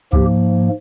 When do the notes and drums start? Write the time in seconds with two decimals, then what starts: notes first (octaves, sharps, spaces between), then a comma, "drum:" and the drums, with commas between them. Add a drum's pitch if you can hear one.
0.13 G#2 F3 A#3 G4, drum: kick C#2